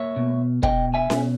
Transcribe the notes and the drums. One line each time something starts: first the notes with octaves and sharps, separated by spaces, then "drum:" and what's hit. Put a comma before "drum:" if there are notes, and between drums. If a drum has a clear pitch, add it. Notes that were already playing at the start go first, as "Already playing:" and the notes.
Already playing: A#3 C#5 E5
B2
B2 D#5 G5, drum: kick
E5 G#5
B2, drum: snare C#4